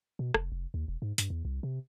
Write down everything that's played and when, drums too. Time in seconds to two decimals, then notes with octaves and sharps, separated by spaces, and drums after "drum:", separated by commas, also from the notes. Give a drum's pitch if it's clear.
0.19 B2
0.34 F1, drum: rim click
0.52 F1
0.74 D#2
0.88 E1
1.02 G#2
1.18 G2, drum: hi-hat
1.30 E2
1.45 C2
1.63 C3